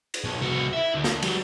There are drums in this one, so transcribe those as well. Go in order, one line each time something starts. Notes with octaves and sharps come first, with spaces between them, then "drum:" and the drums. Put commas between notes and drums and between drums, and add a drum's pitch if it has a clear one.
drum: cymbal
B1
C2 F#4
E4 E5
D2
drum: snare
G3 F#4, drum: cymbal